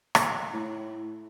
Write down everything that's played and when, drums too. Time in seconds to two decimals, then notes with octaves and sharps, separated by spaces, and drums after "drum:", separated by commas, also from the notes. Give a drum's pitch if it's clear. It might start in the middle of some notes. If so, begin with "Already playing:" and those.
0.15 drum: rim click
0.53 A2